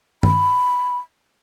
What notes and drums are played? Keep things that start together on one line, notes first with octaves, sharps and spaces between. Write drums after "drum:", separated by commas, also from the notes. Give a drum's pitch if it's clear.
B5, drum: tom